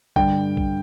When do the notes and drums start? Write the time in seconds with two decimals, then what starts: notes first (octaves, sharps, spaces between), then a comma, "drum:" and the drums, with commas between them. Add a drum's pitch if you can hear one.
0.16 G2 D3 G5, drum: kick A#1
0.57 drum: kick A#1